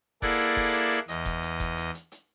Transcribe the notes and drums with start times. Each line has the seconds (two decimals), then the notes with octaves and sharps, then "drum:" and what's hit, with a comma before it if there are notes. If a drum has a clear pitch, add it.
0.22 A#3 E4 G#4 A4 D5 F#5, drum: kick F1, hi-hat
0.39 drum: hi-hat
0.57 drum: kick F1
0.74 drum: hi-hat
0.91 drum: hi-hat
1.08 E2 D#5, drum: hi-hat
1.25 drum: kick F1, hi-hat
1.43 drum: hi-hat
1.60 drum: kick F1, hi-hat
1.77 drum: hi-hat
1.94 drum: hi-hat
2.12 drum: hi-hat